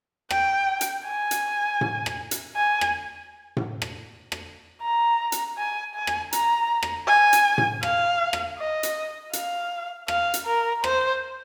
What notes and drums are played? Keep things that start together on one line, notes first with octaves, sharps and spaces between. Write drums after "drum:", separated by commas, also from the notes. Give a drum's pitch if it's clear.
G5, drum: rim click
drum: hi-hat
G#5
drum: hi-hat
drum: tom A2
drum: rim click
drum: hi-hat
G#5
drum: rim click
drum: tom A2
drum: rim click
drum: rim click
A#5
drum: hi-hat
G#5
G#5
drum: rim click
A#5, drum: hi-hat
drum: rim click
G#5
drum: hi-hat
drum: tom A2
F5, drum: rim click
drum: rim click
D#5
drum: hi-hat
F5, drum: hi-hat
F5, drum: rim click
drum: hi-hat
A#4
C5, drum: rim click